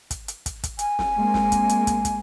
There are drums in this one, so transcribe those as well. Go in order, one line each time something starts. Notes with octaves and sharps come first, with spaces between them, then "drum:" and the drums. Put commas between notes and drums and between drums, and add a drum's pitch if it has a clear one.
drum: kick, hi-hat
drum: hi-hat
drum: kick, hi-hat
drum: kick, hi-hat
G#5, drum: hi-hat
drum: snare
G#3 A#3 C4
drum: snare
drum: kick, hi-hat
drum: hi-hat
drum: kick, hi-hat
drum: kick, hi-hat